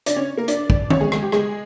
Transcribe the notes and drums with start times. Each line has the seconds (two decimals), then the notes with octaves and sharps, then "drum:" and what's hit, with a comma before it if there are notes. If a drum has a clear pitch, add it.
0.06 D4 D5, drum: hi-hat
0.16 C#4 C#5
0.37 A#3 A#4
0.48 D4 D5, drum: hi-hat
0.70 drum: kick
0.90 C#4 C#5, drum: tom D#3
1.01 G#3 G#4
1.12 G#3 G#4, drum: rim click
1.22 G4
1.32 G#3 G#4, drum: rim click